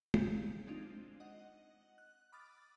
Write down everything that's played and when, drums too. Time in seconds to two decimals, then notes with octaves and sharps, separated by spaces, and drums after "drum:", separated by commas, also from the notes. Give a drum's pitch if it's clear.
0.14 F5 G6, drum: tom
0.67 G#3 C4 D4 D#4 F4
1.20 D#5 F#5
1.98 F#6
2.32 B5 D6 D#6 F6 A6